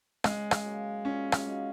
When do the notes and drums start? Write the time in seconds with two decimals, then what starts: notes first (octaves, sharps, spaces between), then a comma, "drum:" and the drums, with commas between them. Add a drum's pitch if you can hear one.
0.24 C#3 G#3, drum: rim click
0.51 drum: rim click
0.65 F#3 A#3
1.05 A#2 C#4
1.32 drum: rim click
1.46 A#3 D#4 F#4